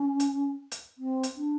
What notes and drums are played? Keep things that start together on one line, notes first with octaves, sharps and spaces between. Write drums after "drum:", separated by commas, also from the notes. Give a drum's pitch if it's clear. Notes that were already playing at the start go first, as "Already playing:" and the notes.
Already playing: C#4
drum: hi-hat
drum: hi-hat
C4
drum: hi-hat
D4